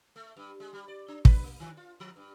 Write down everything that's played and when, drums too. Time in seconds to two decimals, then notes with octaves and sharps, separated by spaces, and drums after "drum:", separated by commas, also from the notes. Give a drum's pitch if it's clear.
0.16 A3
0.37 G2
0.60 G#3
0.73 G3
0.88 D5
1.08 D4
1.25 B4, drum: kick
1.44 A#3
1.60 D#3
1.77 F4
2.00 F3
2.16 G2